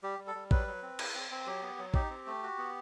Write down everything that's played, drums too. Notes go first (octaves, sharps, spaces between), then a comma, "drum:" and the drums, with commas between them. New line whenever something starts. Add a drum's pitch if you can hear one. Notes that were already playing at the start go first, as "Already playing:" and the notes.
G3 G4
G3
A4
G3
F#3 B4, drum: kick
F#3
C4
E4, drum: cymbal
C4
C4
F#3 G4
B3
F#3
D#4 G4, drum: kick
C4
A3
F#4
B3